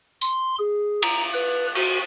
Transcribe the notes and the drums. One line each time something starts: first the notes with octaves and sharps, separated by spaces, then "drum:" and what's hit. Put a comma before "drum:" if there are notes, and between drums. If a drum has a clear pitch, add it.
C6, drum: tambourine
G#4
A#5, drum: cymbal
B4
F#4, drum: cymbal